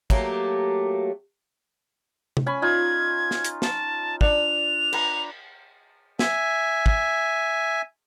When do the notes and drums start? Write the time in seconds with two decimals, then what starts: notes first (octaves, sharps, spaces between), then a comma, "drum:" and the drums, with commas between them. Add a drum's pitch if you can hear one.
0.10 F#3 A3 A#3 G4, drum: kick
2.37 drum: tom C3
2.46 C#4 G#5 B5
2.62 D#4 F4 G#6
3.31 drum: snare
3.44 drum: hi-hat
3.62 A5, drum: snare
4.21 D4 F7, drum: kick
4.93 B4 A#5, drum: cymbal
6.19 E5 G#5, drum: snare
6.86 drum: kick